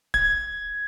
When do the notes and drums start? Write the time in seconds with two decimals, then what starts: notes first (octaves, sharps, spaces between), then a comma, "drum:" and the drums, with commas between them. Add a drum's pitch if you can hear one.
0.14 G#6, drum: kick